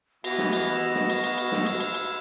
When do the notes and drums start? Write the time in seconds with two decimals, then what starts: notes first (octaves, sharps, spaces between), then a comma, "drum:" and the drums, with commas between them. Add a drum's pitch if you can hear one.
0.24 E3 B3 F#4 D#5, drum: cymbal
0.38 drum: snare
0.53 drum: cymbal
0.74 E6
0.95 drum: snare
1.09 drum: cymbal
1.23 drum: cymbal
1.38 drum: cymbal
1.52 drum: snare
1.66 drum: cymbal
1.80 drum: cymbal
1.94 drum: cymbal